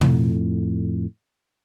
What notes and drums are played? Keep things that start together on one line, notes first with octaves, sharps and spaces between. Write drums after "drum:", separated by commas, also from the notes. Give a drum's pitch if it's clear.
F2 A2, drum: tom